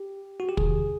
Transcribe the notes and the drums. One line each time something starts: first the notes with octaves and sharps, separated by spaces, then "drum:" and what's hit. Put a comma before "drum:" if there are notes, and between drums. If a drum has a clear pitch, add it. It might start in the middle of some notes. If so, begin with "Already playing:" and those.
Already playing: G4
F#4
G4
E2 C3 D#3 G#4, drum: kick